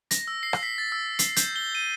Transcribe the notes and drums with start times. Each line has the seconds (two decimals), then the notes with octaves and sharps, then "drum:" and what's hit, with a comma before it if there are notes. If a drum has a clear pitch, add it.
0.11 A#6, drum: hi-hat
0.28 E6
0.43 C7
0.53 drum: rim click
0.63 B6
0.78 A6
0.92 E6
1.19 C7, drum: hi-hat
1.36 G6, drum: hi-hat
1.56 G7
1.75 D#7